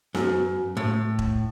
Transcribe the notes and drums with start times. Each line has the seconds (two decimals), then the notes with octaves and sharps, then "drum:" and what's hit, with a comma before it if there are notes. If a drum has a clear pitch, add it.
0.15 F#2, drum: snare B3
0.77 A2
1.19 drum: kick E1